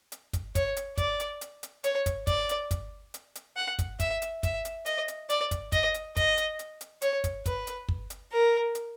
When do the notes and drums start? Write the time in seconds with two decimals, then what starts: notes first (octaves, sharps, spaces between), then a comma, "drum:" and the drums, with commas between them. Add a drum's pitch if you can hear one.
0.12 drum: hi-hat
0.33 drum: kick, hi-hat
0.55 C#5, drum: kick, hi-hat
0.77 drum: hi-hat
0.97 D5, drum: kick, hi-hat
1.20 drum: hi-hat
1.41 drum: hi-hat
1.63 drum: hi-hat
1.84 C#5, drum: hi-hat
2.06 drum: kick, hi-hat
2.27 D5, drum: kick, hi-hat
2.49 drum: hi-hat
2.71 drum: kick, hi-hat
3.14 drum: hi-hat
3.35 drum: hi-hat
3.56 F#5
3.79 drum: kick, hi-hat
4.00 E5, drum: kick, hi-hat
4.22 drum: hi-hat
4.43 E5, drum: kick, hi-hat
4.65 drum: hi-hat
4.86 D#5, drum: hi-hat
5.08 drum: hi-hat
5.30 D5, drum: hi-hat
5.51 drum: kick, hi-hat
5.72 D#5, drum: kick, hi-hat
5.94 drum: hi-hat
6.17 D#5, drum: kick, hi-hat
6.37 drum: hi-hat
6.59 drum: hi-hat
6.81 drum: hi-hat
7.02 C#5, drum: hi-hat
7.24 drum: kick, hi-hat
7.46 B4, drum: kick, hi-hat
7.67 drum: hi-hat
7.89 drum: kick
8.10 drum: hi-hat
8.32 A#4
8.75 drum: hi-hat